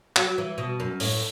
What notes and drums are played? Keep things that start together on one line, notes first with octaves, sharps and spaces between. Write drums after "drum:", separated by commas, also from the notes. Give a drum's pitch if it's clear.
F#3, drum: clap
E3
B2
F#2
A2, drum: open hi-hat